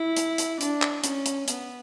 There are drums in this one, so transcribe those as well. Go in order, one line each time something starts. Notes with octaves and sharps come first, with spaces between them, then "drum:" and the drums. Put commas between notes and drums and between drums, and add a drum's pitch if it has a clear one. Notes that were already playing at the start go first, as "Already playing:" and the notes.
Already playing: E4
drum: hi-hat
drum: hi-hat
D4, drum: hi-hat
drum: clap
C#4, drum: hi-hat
drum: hi-hat
B3, drum: hi-hat